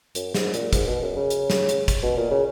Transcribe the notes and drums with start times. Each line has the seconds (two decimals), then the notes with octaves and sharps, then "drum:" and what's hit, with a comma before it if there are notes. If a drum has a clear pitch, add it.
0.15 F#2, drum: hi-hat
0.34 G#2, drum: snare
0.54 A#2, drum: hi-hat
0.73 G#2, drum: kick, hi-hat
0.87 B2
1.02 F#2
1.16 C#3
1.30 drum: hi-hat
1.50 drum: snare
1.69 drum: hi-hat
1.88 drum: kick, hi-hat
2.03 B2
2.17 A#2
2.31 C#3